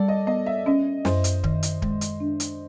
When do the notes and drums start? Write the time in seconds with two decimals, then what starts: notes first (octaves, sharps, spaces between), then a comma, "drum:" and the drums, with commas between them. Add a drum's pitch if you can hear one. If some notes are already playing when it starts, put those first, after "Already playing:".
Already playing: G3 A4 D5
0.08 D#5
0.27 B3 D#5
0.46 E5
0.66 C#4 D#5
1.05 F#2 C5, drum: snare
1.24 drum: hi-hat
1.44 D#3, drum: kick D1
1.63 drum: hi-hat
1.82 G#3, drum: kick D1
2.01 drum: hi-hat
2.20 D4
2.40 drum: hi-hat